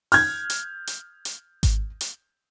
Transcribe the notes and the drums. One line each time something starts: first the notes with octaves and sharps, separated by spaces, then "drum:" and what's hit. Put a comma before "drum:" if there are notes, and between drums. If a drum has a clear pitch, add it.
F6 G6 G#6, drum: open hi-hat
drum: hi-hat
drum: hi-hat
drum: hi-hat
drum: kick G#1, hi-hat
drum: hi-hat